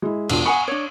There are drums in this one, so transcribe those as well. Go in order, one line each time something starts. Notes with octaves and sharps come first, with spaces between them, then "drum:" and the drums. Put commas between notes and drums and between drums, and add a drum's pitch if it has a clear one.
G#3 E4
E1 D4 F4, drum: cymbal
F#5 G#5 B5 C#6 D#6 C#7
D4 C#5